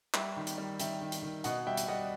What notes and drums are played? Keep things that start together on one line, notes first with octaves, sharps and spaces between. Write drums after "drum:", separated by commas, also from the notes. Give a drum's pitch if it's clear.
G3 E5 G5, drum: clap
D#3
drum: hi-hat
G3
D#3 E5 G5, drum: hi-hat
D#3
drum: hi-hat
D#3
B2 D#5 F#5, drum: hi-hat
G3 E5 G5
drum: hi-hat
G3 D#5 F#5